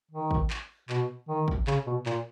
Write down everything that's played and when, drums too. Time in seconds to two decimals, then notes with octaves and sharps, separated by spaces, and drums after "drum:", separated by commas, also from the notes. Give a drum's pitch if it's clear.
0.11 D#3
0.31 drum: kick
0.50 drum: clap
0.89 B2, drum: clap
1.29 D#3
1.48 drum: kick
1.67 C#3, drum: clap
1.86 B2
2.06 A#2, drum: clap